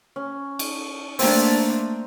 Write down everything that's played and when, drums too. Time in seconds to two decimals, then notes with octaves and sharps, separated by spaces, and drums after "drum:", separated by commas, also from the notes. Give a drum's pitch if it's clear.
0.16 C#4
0.59 drum: cymbal
1.19 A3 A#3 C4 D4 A#5, drum: open hi-hat